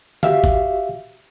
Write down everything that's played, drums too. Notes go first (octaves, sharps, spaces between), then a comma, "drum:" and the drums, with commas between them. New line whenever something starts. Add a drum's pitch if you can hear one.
F#4 G4 E5 F5, drum: tom D3
drum: kick G1